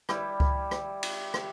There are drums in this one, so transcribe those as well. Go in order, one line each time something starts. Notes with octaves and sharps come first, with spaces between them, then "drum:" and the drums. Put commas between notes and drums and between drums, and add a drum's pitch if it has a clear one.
G3 E4 G4 D6, drum: rim click
drum: kick C#2
drum: rim click
drum: cymbal
drum: rim click